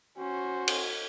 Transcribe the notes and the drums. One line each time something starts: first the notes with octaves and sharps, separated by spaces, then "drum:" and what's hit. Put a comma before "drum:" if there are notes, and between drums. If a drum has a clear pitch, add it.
C#4 F#4 C5
drum: cymbal